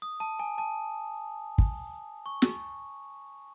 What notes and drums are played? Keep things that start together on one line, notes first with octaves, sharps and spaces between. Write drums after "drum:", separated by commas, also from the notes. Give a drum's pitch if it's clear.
D#6
A5
G#5
A5
drum: kick
C#6
drum: snare